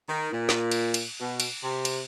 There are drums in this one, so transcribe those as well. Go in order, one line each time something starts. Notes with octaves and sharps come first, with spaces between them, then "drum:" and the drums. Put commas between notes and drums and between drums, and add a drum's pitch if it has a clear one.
D#3
A#2
drum: snare
drum: cymbal
drum: cymbal
B2
drum: cymbal
C3
drum: cymbal